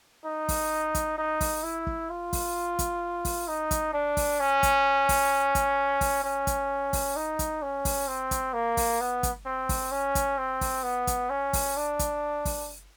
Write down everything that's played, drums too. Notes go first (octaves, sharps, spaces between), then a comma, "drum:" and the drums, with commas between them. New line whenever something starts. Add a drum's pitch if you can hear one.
D#4
drum: kick, open hi-hat
drum: kick, hi-hat
D#4
drum: kick, open hi-hat
E4
drum: kick
F4
drum: kick, open hi-hat
drum: kick, hi-hat
drum: kick, open hi-hat
D#4
drum: kick, hi-hat
D4
drum: kick, open hi-hat
C#4
drum: kick, hi-hat
drum: kick, open hi-hat
drum: kick, hi-hat
drum: kick, open hi-hat
C#4
drum: kick, hi-hat
drum: kick, open hi-hat
D#4
drum: kick, hi-hat
C#4
drum: kick, open hi-hat
C4
drum: kick, hi-hat
A#3
drum: kick, open hi-hat
B3
drum: kick, hi-hat
C4
drum: kick, open hi-hat
C#4
drum: kick, hi-hat
C4
drum: kick, open hi-hat
B3
drum: kick, hi-hat
C#4
drum: kick, open hi-hat
D4
drum: kick, hi-hat
drum: kick, open hi-hat